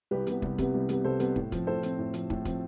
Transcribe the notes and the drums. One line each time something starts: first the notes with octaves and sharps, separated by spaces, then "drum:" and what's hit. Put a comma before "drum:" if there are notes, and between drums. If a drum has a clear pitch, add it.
C2 G4 B4
C3 G3 B3, drum: hi-hat
C2, drum: kick
C3 G3 B3, drum: kick, hi-hat
C2
C3 G3 B3, drum: hi-hat
C2 A4 C5
C3 G3 B3, drum: hi-hat
A2, drum: kick
F3 C4, drum: kick, hi-hat
A2 A4 C5
F3 C4, drum: hi-hat
A2
F3 C4, drum: hi-hat
A2, drum: kick
F3 C4, drum: kick, hi-hat